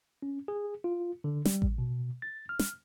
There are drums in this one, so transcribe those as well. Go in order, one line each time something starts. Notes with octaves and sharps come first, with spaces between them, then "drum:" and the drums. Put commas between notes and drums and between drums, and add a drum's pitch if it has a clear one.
C#4
G#4
F4
D3
G3, drum: snare
drum: kick A1
B2
A6
F6
drum: snare